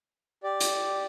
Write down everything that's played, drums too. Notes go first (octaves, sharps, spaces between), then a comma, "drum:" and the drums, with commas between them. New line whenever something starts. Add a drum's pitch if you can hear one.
G4 D5
drum: hi-hat